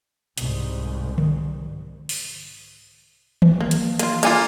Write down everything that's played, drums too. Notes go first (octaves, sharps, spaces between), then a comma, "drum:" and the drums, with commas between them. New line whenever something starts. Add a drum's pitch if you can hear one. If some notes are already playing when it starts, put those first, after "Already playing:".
C2 G#2, drum: hi-hat
drum: tom D3
drum: open hi-hat
drum: tom D#3
A#3
drum: hi-hat
A#3 F4, drum: hi-hat
D3 A#3 F4 G#5, drum: cymbal